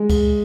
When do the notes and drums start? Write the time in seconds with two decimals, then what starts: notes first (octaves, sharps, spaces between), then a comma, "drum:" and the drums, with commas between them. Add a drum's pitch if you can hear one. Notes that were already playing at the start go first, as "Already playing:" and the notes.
Already playing: G#3
0.10 drum: kick C#2, cymbal